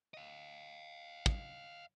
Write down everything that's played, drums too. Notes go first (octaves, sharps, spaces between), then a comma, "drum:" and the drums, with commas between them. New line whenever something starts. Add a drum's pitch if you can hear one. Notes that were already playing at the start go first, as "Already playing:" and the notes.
D#5 F5
drum: kick